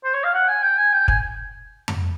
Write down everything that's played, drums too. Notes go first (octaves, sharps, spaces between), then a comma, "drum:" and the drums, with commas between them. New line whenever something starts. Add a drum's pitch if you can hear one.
C5
C#5
F5
F#5
G#5
G5
G#5
G5
G#5, drum: kick
drum: tom F2